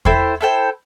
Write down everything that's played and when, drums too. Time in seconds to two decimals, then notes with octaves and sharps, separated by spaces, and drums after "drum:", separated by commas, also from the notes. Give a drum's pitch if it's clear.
0.05 E4 A4 C5 G5, drum: kick E2
0.41 E4 A4 C5 G5